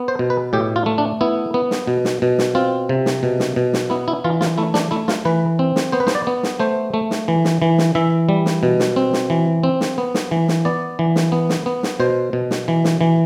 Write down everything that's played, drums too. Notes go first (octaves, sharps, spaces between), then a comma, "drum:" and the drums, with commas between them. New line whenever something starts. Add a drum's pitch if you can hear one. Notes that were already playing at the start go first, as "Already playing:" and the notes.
Already playing: B3
C5
B2
B4
A2 G4
F4
A3
D4
B3 E4
B3
drum: snare
B2
drum: snare
B2
drum: snare
C4 F4
C3
drum: snare
B2
drum: snare
B2
drum: snare
B3 E4
E4
E3 F4
F4, drum: snare
A3 E4
D4, drum: snare
A3 E4
F4, drum: snare
E3 B4
C4
drum: snare
B3 C5
B4
C5, drum: snare
D5
B3
drum: snare
A3 C5
A3
drum: snare
E3
drum: snare
E3
drum: snare
E3 E5
G3
drum: snare
B2
drum: snare
C4
drum: snare
E3
C4
drum: snare
B3
drum: snare
E3
drum: snare
B3 D5
E3
drum: snare
B3
drum: snare
B3
drum: snare
B2 C5
B2
drum: snare
E3
drum: snare
E3